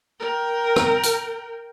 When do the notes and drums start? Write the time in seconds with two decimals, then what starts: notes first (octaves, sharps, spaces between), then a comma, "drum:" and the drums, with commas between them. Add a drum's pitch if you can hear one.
0.20 A#4 G5
0.76 drum: rim click
1.03 drum: hi-hat